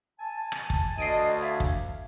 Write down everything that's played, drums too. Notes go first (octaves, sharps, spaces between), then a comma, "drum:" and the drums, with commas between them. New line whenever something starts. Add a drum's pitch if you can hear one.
G#5 A5
drum: rim click
drum: kick
D2 D#5 C7 D7 D#7
E5 F5 G#6
drum: kick